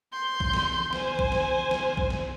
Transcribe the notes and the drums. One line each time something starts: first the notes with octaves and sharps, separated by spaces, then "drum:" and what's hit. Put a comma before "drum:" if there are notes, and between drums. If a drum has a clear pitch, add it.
C6 G6
drum: kick
drum: snare
C5 G#5, drum: snare
drum: kick
drum: snare
drum: snare
drum: kick
drum: snare